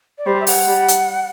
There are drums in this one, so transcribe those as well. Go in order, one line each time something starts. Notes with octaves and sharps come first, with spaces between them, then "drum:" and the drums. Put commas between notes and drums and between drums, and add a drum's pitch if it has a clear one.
D5
G3 C5
E5
F#5, drum: open hi-hat
G3
drum: hi-hat